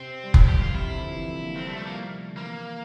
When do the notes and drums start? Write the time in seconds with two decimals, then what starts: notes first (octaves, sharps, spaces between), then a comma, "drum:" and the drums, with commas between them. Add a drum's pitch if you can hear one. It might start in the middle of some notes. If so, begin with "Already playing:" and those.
Already playing: C3 C4
0.24 G3
0.34 F3 E4, drum: kick F1
0.48 E3 G4
0.61 D3 F4
0.75 C3 E4
0.88 C3
1.01 D3
1.11 F3
1.15 E3
1.29 A3
1.43 A#3
1.56 A3 C4
1.66 G3 A3
1.76 F3 A3
1.86 C3 A#3
2.30 D3
2.36 E3 A#3